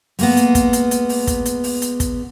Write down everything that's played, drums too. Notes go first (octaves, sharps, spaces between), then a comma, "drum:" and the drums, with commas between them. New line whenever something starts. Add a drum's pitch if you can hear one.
G#3 A#3 B3, drum: open hi-hat
drum: hi-hat
drum: kick, hi-hat
drum: hi-hat
drum: hi-hat
drum: open hi-hat
drum: kick, hi-hat
drum: hi-hat
drum: open hi-hat
drum: hi-hat
drum: kick, hi-hat